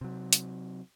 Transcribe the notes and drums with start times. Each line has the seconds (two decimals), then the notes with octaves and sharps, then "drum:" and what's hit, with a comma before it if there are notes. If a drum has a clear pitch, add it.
0.01 C3 F#3
0.33 drum: hi-hat